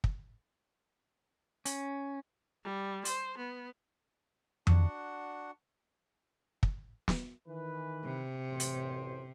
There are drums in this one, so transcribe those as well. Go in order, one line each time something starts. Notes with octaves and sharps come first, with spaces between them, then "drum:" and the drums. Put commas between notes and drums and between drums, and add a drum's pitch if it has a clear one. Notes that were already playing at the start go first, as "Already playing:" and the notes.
drum: kick
C#4, drum: hi-hat
G3
C5, drum: hi-hat
B3
D4 F#4 F#5, drum: tom F2
drum: kick
drum: snare
D#3 E3 B4
C3
A1 F#2 C5
drum: hi-hat